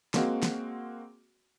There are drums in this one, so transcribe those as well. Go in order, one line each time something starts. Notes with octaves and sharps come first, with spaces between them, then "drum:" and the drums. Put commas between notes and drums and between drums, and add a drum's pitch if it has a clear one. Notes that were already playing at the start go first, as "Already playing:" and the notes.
G#3 A#3 C4 F#4, drum: snare
drum: snare